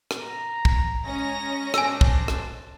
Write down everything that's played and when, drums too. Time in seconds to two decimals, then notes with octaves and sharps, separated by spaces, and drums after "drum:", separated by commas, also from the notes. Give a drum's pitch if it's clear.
0.11 drum: rim click
0.21 A#5
0.65 drum: kick
1.05 G#3 C#4 D#5 G#5 A#5 A#6
1.74 D4 C5 G#5 A5 E6, drum: rim click
2.01 drum: kick
2.28 drum: rim click